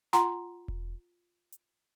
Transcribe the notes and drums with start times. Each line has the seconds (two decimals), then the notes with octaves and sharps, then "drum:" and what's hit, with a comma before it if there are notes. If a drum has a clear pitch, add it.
0.13 F4 F#5 G#5 A#5 C6, drum: snare
0.68 drum: kick E1
1.52 drum: hi-hat